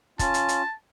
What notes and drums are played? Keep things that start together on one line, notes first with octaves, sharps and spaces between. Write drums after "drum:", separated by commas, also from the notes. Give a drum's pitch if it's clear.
C#4 F4 A5, drum: kick, hi-hat
drum: hi-hat
drum: hi-hat